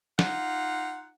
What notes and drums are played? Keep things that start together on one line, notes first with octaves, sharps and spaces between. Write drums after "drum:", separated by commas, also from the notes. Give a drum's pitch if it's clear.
D#4 F4 F#5, drum: snare